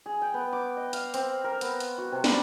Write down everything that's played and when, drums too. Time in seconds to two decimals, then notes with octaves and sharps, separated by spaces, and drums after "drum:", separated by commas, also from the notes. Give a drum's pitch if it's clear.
0.06 G#4
0.22 G5
0.34 B3
0.53 D6
0.77 D#5
0.93 F5, drum: hi-hat
1.14 C4, drum: hi-hat
1.44 A#4
1.61 B3, drum: hi-hat
1.80 drum: hi-hat
1.98 F#4
2.12 C3
2.24 G3, drum: snare